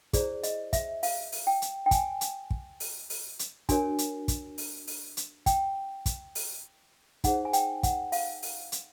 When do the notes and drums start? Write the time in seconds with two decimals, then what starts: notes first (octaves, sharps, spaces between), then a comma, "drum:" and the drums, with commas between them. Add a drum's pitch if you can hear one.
0.13 E4 G#4 C5 D5, drum: kick, hi-hat
0.43 D#5, drum: hi-hat
0.73 E5, drum: kick, hi-hat
1.03 F5, drum: open hi-hat
1.32 drum: open hi-hat
1.47 G5
1.62 drum: hi-hat
1.86 G5
1.91 G#5, drum: kick, hi-hat
2.21 drum: hi-hat
2.51 drum: kick
2.80 drum: open hi-hat
3.10 drum: open hi-hat
3.39 drum: hi-hat
3.69 D4 F#4 A#4 C#5 G#5, drum: kick, hi-hat
3.98 drum: hi-hat
4.28 drum: kick, hi-hat
4.58 drum: open hi-hat
4.87 drum: open hi-hat
5.17 drum: hi-hat
5.46 G5, drum: kick, hi-hat
6.06 drum: kick, hi-hat
6.35 drum: open hi-hat
7.24 D#4 G#4 C5 F#5, drum: kick, hi-hat
7.45 G#5
7.53 G5, drum: hi-hat
7.83 F#5, drum: kick, hi-hat
8.12 F5, drum: open hi-hat
8.42 drum: open hi-hat
8.72 drum: hi-hat